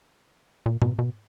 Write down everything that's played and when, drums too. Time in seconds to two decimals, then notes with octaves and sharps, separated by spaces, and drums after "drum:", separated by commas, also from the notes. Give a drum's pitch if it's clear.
0.66 A#2
0.82 B2, drum: tom G#2
0.99 B2